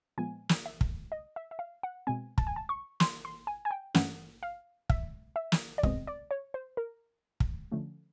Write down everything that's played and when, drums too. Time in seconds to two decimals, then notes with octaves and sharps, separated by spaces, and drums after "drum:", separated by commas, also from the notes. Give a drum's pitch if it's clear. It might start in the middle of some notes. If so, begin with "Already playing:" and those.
0.18 A#2 F3 G#3 B3 G#5
0.49 drum: snare
0.66 E5
0.81 drum: kick
1.12 D#5
1.36 E5
1.51 E5
1.59 F5
1.83 F#5
2.07 B2 G#3 C4 G#5
2.38 A5, drum: kick
2.47 G#5
2.56 A5
2.69 C#6
3.00 C6, drum: snare
3.25 C6
3.47 G#5
3.65 G#5
3.71 G5
3.95 G2 E3 A3 C#4 F#5, drum: snare
4.43 F5
4.90 E5, drum: kick
5.36 E5
5.52 drum: snare
5.78 D5
5.83 B2 G#3 C4 D#5, drum: kick
6.07 D5
6.31 C#5
6.54 C5
6.77 A#4
7.40 drum: kick
7.71 D3 F3 A3 C#4